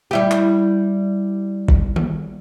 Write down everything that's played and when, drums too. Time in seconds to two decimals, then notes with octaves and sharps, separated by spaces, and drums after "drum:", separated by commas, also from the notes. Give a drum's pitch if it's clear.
0.11 G3 E4 G4
0.31 drum: clap
1.68 drum: kick
1.96 drum: tom D#3